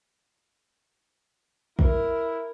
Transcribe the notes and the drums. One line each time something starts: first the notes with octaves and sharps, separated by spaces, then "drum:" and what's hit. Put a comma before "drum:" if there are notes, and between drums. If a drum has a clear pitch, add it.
E4 A#4, drum: kick